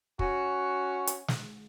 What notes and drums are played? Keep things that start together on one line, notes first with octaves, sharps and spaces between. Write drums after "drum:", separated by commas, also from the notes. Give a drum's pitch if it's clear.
C#4 F#4, drum: kick
drum: hi-hat
drum: snare